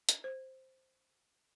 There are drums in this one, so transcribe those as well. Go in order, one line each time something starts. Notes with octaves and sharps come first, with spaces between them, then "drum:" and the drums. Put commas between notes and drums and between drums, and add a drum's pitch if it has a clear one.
drum: hi-hat
C5